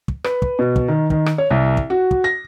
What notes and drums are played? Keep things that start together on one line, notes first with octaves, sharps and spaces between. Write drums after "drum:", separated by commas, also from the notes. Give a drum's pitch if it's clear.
drum: kick
B4, drum: rim click
drum: kick
B2
drum: kick
D#3
D#3, drum: kick
drum: rim click
C#5
C2
drum: kick
F#4
drum: kick
A#6